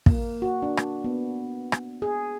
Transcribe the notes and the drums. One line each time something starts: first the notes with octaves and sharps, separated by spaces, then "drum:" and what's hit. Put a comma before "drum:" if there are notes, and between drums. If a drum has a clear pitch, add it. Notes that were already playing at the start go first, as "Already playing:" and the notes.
A#3, drum: kick
F#4
D4
drum: rim click
B3
drum: rim click
G#4